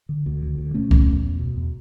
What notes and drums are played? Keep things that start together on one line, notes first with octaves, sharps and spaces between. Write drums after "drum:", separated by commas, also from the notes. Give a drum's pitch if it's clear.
D3
D2
D3
D2
B2 A3 C#4
E2, drum: kick C2
E2
E2
B2
E2